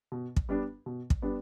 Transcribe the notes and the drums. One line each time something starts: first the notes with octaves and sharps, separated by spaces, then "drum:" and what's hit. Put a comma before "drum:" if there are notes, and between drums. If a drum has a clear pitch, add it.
B2
drum: kick
G3 B3 D4
B2
drum: kick
G3 B3 D4